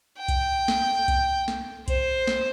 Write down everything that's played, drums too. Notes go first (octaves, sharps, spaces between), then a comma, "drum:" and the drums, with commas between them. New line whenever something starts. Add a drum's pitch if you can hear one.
G5
drum: kick B1, hi-hat
drum: snare
drum: kick B1, hi-hat
drum: snare
C5, drum: kick B1, hi-hat
drum: snare